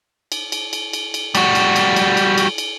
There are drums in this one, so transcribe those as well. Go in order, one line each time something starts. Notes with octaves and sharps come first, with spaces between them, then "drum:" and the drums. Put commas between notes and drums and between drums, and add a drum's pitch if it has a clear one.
drum: cymbal
drum: cymbal
drum: cymbal
drum: cymbal
drum: cymbal
G3 F#4, drum: cymbal
drum: cymbal
drum: cymbal
drum: cymbal
drum: cymbal
drum: cymbal
drum: cymbal